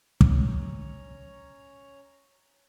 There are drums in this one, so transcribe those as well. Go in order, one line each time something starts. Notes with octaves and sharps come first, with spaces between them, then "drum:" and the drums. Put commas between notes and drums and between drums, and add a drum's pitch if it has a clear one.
C#4 C#5 A#5, drum: kick